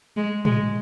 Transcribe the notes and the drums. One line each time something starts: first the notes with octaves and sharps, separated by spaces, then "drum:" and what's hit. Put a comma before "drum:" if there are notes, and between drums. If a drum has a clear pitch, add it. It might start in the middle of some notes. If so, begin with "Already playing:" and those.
G#3
G#3, drum: tom A2